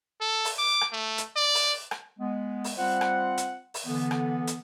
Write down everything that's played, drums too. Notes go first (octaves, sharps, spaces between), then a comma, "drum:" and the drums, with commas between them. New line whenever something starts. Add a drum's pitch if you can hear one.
A4
drum: open hi-hat
D6
drum: rim click
A3
drum: hi-hat
D5
drum: open hi-hat
drum: rim click
G#3 B3
drum: open hi-hat
G3 C4 F4 C5 F#5
drum: rim click
drum: hi-hat
drum: open hi-hat
D3 E3 B3
drum: rim click
drum: hi-hat